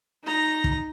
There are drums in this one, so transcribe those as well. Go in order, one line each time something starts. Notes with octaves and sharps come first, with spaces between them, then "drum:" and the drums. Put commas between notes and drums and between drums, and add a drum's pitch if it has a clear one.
D#4 A#5
drum: kick